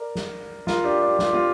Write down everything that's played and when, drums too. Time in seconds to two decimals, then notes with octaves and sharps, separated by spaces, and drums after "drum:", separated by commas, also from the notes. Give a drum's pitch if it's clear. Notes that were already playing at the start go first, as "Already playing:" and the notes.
Already playing: A#4 D5
0.15 drum: snare
0.67 F4 A#4, drum: snare
0.84 D4 G4
1.01 D4 G4
1.19 F4, drum: snare
1.26 G4
1.33 C4 F4